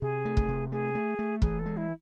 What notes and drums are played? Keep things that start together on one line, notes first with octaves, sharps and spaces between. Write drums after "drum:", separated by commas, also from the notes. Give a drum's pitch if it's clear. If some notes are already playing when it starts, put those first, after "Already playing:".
C3 G#4
A3
drum: kick
C3
A3 G#4
A3
A3
E3 G#4, drum: kick
A4
G#3
E4